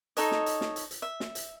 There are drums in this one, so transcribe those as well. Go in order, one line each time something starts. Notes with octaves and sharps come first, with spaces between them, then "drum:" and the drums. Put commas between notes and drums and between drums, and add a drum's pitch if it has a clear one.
D#4 A4 C#5 D#5, drum: hi-hat
drum: snare
drum: hi-hat
drum: snare
drum: hi-hat
drum: hi-hat
E5
drum: snare
drum: hi-hat